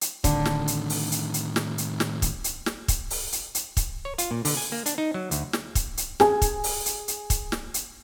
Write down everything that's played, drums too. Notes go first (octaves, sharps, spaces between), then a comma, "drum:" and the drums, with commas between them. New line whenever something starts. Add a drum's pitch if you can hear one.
drum: hi-hat
A2 D3 D#3, drum: kick, hi-hat
drum: snare
drum: hi-hat
drum: open hi-hat
drum: hi-hat
drum: hi-hat
drum: snare
drum: hi-hat
drum: snare
drum: kick, hi-hat
drum: hi-hat
drum: snare
drum: kick, hi-hat
drum: open hi-hat
drum: hi-hat
drum: hi-hat
drum: kick, hi-hat
C#5
F4, drum: hi-hat
A#2
D3, drum: open hi-hat
G#5
A#3
D4, drum: hi-hat
D#4
F#3
D2, drum: hi-hat
drum: snare
drum: kick, hi-hat
drum: hi-hat
G#4 G#5, drum: snare
drum: kick, hi-hat
drum: open hi-hat
drum: hi-hat
drum: hi-hat
drum: kick, hi-hat
drum: snare
drum: hi-hat